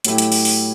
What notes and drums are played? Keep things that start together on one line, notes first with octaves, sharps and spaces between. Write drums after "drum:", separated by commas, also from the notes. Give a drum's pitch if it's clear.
A2 F#3 A3 E4 G4, drum: hi-hat
drum: hi-hat
drum: open hi-hat
drum: open hi-hat